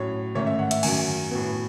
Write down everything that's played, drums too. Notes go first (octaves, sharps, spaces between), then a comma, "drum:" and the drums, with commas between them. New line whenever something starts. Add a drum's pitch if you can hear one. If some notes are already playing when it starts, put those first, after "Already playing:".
Already playing: A2 F#3 C#4 C#5
G#2 D#3 A3 C#4 C#5
E5
F#5
E5, drum: hi-hat
F#2 D#3 F#3 G#5, drum: cymbal
A2 F#3 B3